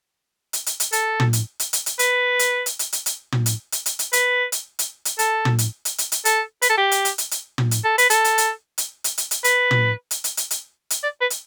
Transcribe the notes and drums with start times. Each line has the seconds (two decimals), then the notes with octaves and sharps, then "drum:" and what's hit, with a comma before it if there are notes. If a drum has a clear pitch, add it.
0.53 drum: hi-hat
0.66 drum: hi-hat
0.80 drum: hi-hat
0.92 A4, drum: hi-hat
1.20 drum: tom
1.33 drum: hi-hat
1.60 drum: hi-hat
1.73 drum: hi-hat
1.86 drum: hi-hat
1.99 B4, drum: hi-hat
2.39 drum: hi-hat
2.66 drum: hi-hat
2.79 drum: hi-hat
2.93 drum: hi-hat
3.06 drum: hi-hat
3.32 drum: tom
3.46 drum: hi-hat
3.72 drum: hi-hat
3.86 drum: hi-hat
3.99 drum: hi-hat
4.13 B4, drum: hi-hat
4.52 drum: hi-hat
4.79 drum: hi-hat
5.05 drum: hi-hat
5.19 A4, drum: hi-hat
5.45 drum: tom
5.58 drum: hi-hat
5.85 drum: hi-hat
5.98 drum: hi-hat
6.12 drum: hi-hat
6.25 A4, drum: hi-hat
6.62 B4, drum: hi-hat
6.70 A4
6.78 G4
6.91 drum: hi-hat
7.05 drum: hi-hat
7.18 drum: hi-hat
7.31 drum: hi-hat
7.58 drum: tom
7.71 drum: hi-hat
7.85 A4
7.98 B4, drum: hi-hat
8.10 A4, drum: hi-hat
8.24 drum: hi-hat
8.38 drum: hi-hat
8.78 drum: hi-hat
9.04 drum: hi-hat
9.18 drum: hi-hat
9.31 drum: hi-hat
9.44 B4, drum: hi-hat
9.71 drum: tom
10.11 drum: hi-hat
10.24 drum: hi-hat
10.37 drum: hi-hat
10.51 drum: hi-hat
10.90 drum: hi-hat
11.03 D5
11.21 B4
11.30 drum: hi-hat